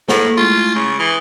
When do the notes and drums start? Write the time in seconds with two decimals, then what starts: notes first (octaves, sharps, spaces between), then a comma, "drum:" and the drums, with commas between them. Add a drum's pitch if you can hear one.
0.08 A2 A#3 G#4 A4, drum: snare
0.37 G#3 A3 E4 F4
0.75 C#3
0.99 E3 D#6